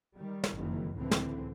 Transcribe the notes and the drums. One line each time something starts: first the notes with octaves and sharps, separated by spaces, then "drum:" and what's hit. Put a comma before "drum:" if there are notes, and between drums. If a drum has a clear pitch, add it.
D#3 G3
drum: snare
F#1 F2 D#3 E3
C#2 A2 D3 E3 C4
drum: snare